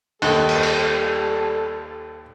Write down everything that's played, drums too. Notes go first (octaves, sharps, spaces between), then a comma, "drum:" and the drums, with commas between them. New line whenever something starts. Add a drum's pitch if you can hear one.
D#2 G3 A4, drum: open hi-hat
drum: cymbal
drum: open hi-hat